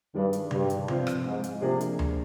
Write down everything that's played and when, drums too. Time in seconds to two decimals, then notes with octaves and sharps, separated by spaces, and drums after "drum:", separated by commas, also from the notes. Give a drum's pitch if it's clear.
0.14 G2 D#3 G#3 D4
0.33 drum: hi-hat
0.51 G2, drum: tom C3
0.70 drum: hi-hat
0.88 F3 C4 F4 C5, drum: tom C3
1.07 drum: rim click
1.25 G#2
1.44 drum: hi-hat
1.62 C3 F3 A#3 D4 G#4
1.81 drum: hi-hat
1.99 drum: tom D2